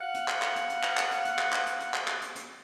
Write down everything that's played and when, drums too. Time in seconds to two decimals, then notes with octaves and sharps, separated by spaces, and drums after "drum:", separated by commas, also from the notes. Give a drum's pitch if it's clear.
0.01 F5 F#5
0.14 drum: hi-hat
0.28 drum: clap
0.42 drum: clap
0.56 drum: hi-hat
0.70 drum: hi-hat
0.83 drum: clap
0.97 drum: clap
1.11 drum: hi-hat
1.25 drum: hi-hat
1.39 drum: clap
1.52 drum: clap
1.66 drum: hi-hat
1.80 drum: hi-hat
1.94 drum: clap
2.08 drum: clap
2.22 drum: hi-hat
2.35 drum: hi-hat